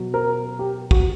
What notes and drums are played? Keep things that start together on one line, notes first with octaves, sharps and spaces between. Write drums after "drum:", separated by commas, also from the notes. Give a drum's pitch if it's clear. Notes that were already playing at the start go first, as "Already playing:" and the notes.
Already playing: B2 F#3
A#4
G4
F#4, drum: kick